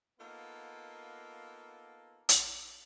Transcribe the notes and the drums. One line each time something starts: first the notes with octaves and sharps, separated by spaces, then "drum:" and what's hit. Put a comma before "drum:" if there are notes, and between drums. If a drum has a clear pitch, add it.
A#3 B3 D#4 F4 A4
drum: hi-hat